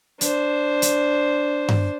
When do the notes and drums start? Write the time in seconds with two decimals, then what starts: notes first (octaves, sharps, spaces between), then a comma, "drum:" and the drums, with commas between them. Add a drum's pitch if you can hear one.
0.21 D4 C5, drum: hi-hat
0.82 drum: hi-hat
1.68 drum: tom G2